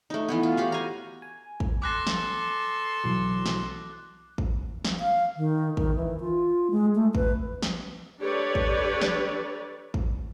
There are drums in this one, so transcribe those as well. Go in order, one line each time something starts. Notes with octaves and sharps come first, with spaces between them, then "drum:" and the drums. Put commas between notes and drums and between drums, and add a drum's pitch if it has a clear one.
A3 D#4
E3 A3 B3
F4
F#4 G4 F5
G#5 A#5
G#5
drum: kick
A4 C6 D6 F#6 A#6
drum: snare
B1 E3 F#3
drum: snare
drum: kick
drum: snare
F5
D#3
D#3, drum: kick
E3
F4
G#3
A3
B4, drum: kick
drum: snare
D4 G4 A4 B4 C#5 D5
drum: kick
drum: snare
drum: kick